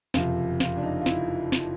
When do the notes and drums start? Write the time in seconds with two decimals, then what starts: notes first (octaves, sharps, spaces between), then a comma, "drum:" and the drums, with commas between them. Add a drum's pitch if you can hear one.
0.14 F#1 F2 C3 F3 F4, drum: snare
0.60 F4, drum: snare
0.77 D4
0.83 D#4
1.01 F4
1.06 E4, drum: snare
1.52 drum: snare